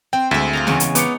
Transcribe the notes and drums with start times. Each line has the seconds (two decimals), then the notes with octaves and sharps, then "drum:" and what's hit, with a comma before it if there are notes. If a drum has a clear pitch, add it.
0.13 C4 G5
0.31 D2 G#3 E5
0.53 F4 D#5 A#5
0.67 E2 C#3 C#5, drum: snare
0.80 drum: hi-hat
0.95 B3 D#4 D6 C#7, drum: hi-hat